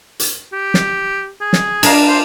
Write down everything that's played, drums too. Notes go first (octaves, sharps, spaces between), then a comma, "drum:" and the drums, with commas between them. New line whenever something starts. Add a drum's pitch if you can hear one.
drum: hi-hat
G4
drum: snare
G#4
drum: snare
D4 A#4 F5, drum: cymbal
C5